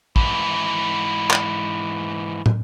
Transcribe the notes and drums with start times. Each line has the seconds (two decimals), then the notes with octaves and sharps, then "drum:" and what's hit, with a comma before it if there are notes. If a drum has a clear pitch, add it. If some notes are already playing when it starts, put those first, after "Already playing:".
0.16 G#2 E3, drum: kick
1.31 drum: clap
2.46 drum: tom